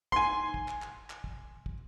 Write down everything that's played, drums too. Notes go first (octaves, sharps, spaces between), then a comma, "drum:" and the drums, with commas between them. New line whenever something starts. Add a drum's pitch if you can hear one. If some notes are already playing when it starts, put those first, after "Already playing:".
G#5 C6, drum: kick
drum: kick
drum: clap
drum: clap
drum: clap
drum: kick
drum: kick